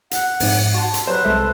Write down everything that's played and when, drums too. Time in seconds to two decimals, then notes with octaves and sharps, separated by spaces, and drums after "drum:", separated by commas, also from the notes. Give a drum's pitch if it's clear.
0.11 F#5, drum: hi-hat
0.40 F2 G#2, drum: open hi-hat
0.74 F#4 A5 C6
0.94 drum: hi-hat
1.07 F#3 B4 C5
1.24 C2 G#3 A4 E5